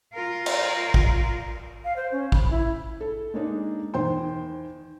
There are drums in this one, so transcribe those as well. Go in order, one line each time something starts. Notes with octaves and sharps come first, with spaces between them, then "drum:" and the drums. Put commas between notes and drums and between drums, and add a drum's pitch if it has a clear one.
F4 A#4
drum: cymbal
drum: kick
F5
C5
C#4
B5, drum: kick
E4
A4
G#3 A#3 D4 D#4
E2 D#3 C5 G5 C6